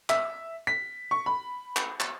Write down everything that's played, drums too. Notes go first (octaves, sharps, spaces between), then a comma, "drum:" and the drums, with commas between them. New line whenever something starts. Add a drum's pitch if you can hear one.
E5, drum: clap
B6
C#6
B5
drum: clap
drum: clap